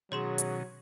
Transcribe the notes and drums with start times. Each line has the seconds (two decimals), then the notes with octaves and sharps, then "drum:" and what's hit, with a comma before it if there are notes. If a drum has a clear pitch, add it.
0.12 B2 D#3 F#3 C#4 G#4 C#5 C6 E7
0.38 drum: hi-hat